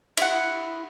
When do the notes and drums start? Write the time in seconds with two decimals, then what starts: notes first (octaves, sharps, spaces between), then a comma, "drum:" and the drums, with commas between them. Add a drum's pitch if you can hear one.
0.17 E4 F#5, drum: cymbal